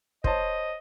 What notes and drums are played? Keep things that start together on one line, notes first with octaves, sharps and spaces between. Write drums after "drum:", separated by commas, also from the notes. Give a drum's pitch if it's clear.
C5 C#5 D#5 A5, drum: kick